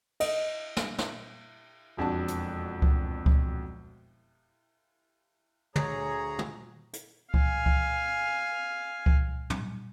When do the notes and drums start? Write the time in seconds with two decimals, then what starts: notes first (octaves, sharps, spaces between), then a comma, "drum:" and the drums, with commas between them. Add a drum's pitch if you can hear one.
0.20 D#5, drum: cymbal
0.77 drum: snare
0.98 drum: snare
1.97 E1 F2 D4 F#4 A5
2.28 drum: hi-hat
2.82 drum: kick C#2
3.26 drum: kick C#2
5.76 D2 G#4 C#5 A#5, drum: tom
6.39 drum: tom
6.93 drum: hi-hat
7.34 F5 G#5, drum: kick C#2
7.66 drum: kick C#2
9.06 drum: kick C#2
9.50 drum: tom